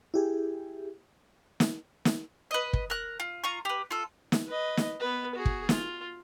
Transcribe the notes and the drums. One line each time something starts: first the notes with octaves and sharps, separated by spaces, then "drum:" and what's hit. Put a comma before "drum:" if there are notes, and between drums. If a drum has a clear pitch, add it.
E4 G4 G#4
drum: snare
drum: snare
B4 D#5
drum: kick
A#4 F#6
F4
F4 A#5 C#6
G4 B4
F4 A4
drum: snare
B4 D#5
drum: snare
B3 B4
F#4 G#4
drum: kick
F4, drum: snare